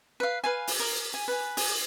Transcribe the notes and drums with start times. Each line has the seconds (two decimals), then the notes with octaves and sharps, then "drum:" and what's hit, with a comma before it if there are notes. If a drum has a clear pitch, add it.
0.20 B4 F5
0.44 B4 F5 G#5
0.67 drum: open hi-hat
0.80 A#4
1.14 G#5
1.28 B4 G#5
1.57 G#4, drum: open hi-hat